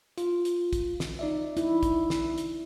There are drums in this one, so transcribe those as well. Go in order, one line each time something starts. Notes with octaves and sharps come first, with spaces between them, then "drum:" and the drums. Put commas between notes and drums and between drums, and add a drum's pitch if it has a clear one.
F4, drum: hi-hat
drum: hi-hat
drum: kick, hi-hat
drum: snare
D#4 D5 E5
E4, drum: hi-hat
drum: kick, hi-hat
drum: snare
drum: hi-hat